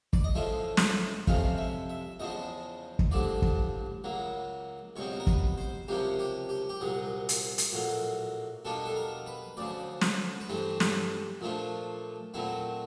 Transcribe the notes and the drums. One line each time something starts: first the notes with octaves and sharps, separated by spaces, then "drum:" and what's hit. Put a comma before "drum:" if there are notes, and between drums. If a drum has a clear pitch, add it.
D5, drum: kick
D#5
A2 F3 G#3 C#4 F4 E5
drum: snare
F2 C3 F3 G#3 C#4 F5, drum: kick
E5
E5
E2 C#3 F3 G#3 D#5
drum: kick
A1 G2 D3 F3 D5
drum: kick
C#2 C#3 F#3 A#3
C#2 B2 G3 C4 C#5
A#4
B4, drum: kick
C5
C#2 C3 F3 A#3 C#4 G4
G4
G4
G4
C2 A#2 F#3 G#4
drum: hi-hat
drum: hi-hat
A#1 A2 F#3 A#3
B2 G3 A#3 D4 F4 A4
A4
A#4
B4
D2 C#3 F3 D5
drum: snare
B4
G2 E3 A3 C4 C5
drum: snare
A#2 F3 A3 D4 F4
A#2 F#3 A3 C4 E4